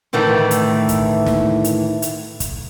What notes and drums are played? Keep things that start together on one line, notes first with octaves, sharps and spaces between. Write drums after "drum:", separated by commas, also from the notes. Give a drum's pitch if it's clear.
D2 A2 D#3 E3 A3
drum: hi-hat
drum: kick, hi-hat
drum: snare
drum: hi-hat
drum: hi-hat
drum: kick, hi-hat